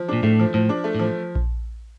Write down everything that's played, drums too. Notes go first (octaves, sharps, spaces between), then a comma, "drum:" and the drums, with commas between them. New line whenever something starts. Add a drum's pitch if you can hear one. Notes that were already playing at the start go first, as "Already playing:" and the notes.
Already playing: F3
A#2 D4
A2 A3
F3
A2 F3
D4
A3
A2 F3
drum: kick A#1